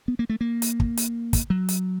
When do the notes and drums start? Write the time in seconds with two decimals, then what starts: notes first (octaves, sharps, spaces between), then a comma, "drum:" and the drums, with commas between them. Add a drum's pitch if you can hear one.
0.08 B3
0.19 A#3
0.29 A3
0.41 A#3
0.62 drum: hi-hat
0.80 drum: kick
0.97 drum: hi-hat
1.33 drum: kick, hi-hat
1.50 F#3
1.69 drum: hi-hat